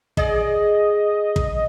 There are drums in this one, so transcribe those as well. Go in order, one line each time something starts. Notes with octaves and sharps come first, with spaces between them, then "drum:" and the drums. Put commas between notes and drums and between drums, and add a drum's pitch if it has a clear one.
G#4 D5 D#5, drum: kick
drum: kick